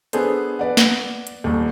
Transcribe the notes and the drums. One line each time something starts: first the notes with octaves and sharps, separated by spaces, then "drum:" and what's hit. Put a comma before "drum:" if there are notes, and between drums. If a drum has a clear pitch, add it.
B3 D4 G#4 A4 C5, drum: hi-hat
B4 D5 F#5
drum: snare
drum: hi-hat
D#1 D#2